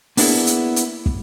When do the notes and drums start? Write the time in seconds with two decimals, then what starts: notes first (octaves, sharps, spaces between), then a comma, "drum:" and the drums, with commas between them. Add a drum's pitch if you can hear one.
0.17 A#3 B3 D4 E4 G#4, drum: open hi-hat
0.47 drum: hi-hat
0.76 drum: hi-hat
1.06 drum: kick